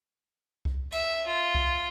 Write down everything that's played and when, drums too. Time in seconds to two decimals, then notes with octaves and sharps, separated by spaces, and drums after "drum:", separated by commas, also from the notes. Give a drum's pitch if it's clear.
0.65 drum: kick C2
0.92 E5, drum: cymbal
1.27 F4
1.55 drum: kick C2